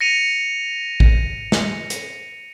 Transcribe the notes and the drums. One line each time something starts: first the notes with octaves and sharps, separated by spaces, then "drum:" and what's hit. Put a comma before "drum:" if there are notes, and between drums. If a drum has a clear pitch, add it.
A#6 C#7 D#7 F7
drum: kick
drum: snare
drum: hi-hat